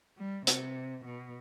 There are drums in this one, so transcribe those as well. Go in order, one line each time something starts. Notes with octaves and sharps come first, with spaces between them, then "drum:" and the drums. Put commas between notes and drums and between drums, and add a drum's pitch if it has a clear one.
G3
C3, drum: hi-hat
B2